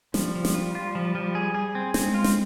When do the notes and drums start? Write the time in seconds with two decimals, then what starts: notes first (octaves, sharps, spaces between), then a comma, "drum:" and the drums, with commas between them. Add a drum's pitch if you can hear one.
0.14 F3 G3, drum: snare
0.35 F3
0.45 drum: snare
0.54 F4
0.75 F4
0.95 F3
1.15 F3
1.35 G#4
1.55 G#4
1.75 C4
1.94 G#3 C4, drum: snare
2.15 F4
2.24 drum: snare